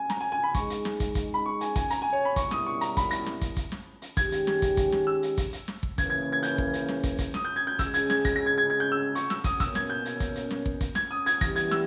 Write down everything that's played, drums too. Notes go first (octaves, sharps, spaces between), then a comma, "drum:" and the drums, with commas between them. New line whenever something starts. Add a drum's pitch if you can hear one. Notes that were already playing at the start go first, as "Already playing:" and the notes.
Already playing: G#5
A#5, drum: snare
G#5
G#5
B5
G#3 D#4 G#4 C#6, drum: kick, hi-hat
drum: hi-hat
drum: snare
drum: kick, hi-hat
drum: kick, hi-hat
B5
C#6
G#5, drum: hi-hat
G#5, drum: kick, hi-hat
A#5, drum: hi-hat
G#5
C#5
B5
B2 G3 A#3 E4 C#6, drum: kick, hi-hat
D#6, drum: snare
C#6
A#5, drum: hi-hat
B5, drum: kick, hi-hat
A#6, drum: hi-hat
drum: snare
drum: kick, hi-hat
drum: kick, hi-hat
drum: snare
drum: hi-hat
D#3 G#3 C#4 G4 G#6, drum: kick, hi-hat
drum: hi-hat
drum: snare
drum: kick, hi-hat
drum: kick, hi-hat
drum: snare
E6
drum: hi-hat
drum: kick, hi-hat
drum: hi-hat
drum: snare
drum: kick
C#3 E3 A#3 G#6, drum: kick, hi-hat
G#6
G#6
G6, drum: hi-hat
drum: kick
drum: hi-hat
drum: snare
drum: kick, hi-hat
drum: kick, hi-hat
D#6, drum: snare
G6
G#6
G6
C#3 G#3 C#4 G#4 E6, drum: kick, hi-hat
G#6, drum: hi-hat
G#6, drum: snare
A#6, drum: kick, hi-hat
A#6
G#6
G#6
G#6
G6
E6
C#6, drum: hi-hat
E6, drum: snare
D#6, drum: kick, hi-hat
B2 A#3 C#4 E6, drum: kick, hi-hat
G#6, drum: snare
G6
drum: hi-hat
drum: kick, hi-hat
drum: hi-hat
drum: snare
drum: kick
drum: kick, hi-hat
G#6, drum: snare
D#6
G#6, drum: hi-hat
E3 G3 B3 E4 G4 A#6, drum: kick, hi-hat
G#6, drum: hi-hat
E6, drum: snare